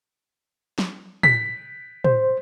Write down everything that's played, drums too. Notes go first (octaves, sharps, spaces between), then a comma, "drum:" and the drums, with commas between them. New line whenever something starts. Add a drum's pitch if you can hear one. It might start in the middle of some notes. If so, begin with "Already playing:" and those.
drum: snare
B6, drum: tom
C5, drum: tom